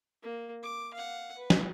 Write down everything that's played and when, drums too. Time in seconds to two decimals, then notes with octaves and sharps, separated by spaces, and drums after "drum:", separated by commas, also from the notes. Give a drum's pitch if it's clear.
0.23 A#3
0.63 D6
0.94 F5 F#5
1.37 B4
1.50 drum: snare